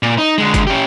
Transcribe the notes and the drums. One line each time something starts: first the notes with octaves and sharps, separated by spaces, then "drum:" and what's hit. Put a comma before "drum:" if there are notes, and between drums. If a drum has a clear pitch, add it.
A#2
D#4
D3 G#3
drum: kick F#1, hi-hat
C#4 G4